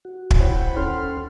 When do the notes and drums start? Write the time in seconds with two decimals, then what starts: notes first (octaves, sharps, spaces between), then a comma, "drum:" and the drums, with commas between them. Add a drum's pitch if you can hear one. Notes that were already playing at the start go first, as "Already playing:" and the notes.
0.05 F#4
0.31 drum: kick
0.40 E4 C5 C#5 F#5 G5 B5
0.76 D#2 C#4 A4 C6 F6